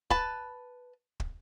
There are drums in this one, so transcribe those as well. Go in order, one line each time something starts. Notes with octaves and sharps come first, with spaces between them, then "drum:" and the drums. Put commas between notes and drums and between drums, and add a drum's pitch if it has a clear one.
B4 A5, drum: kick
drum: kick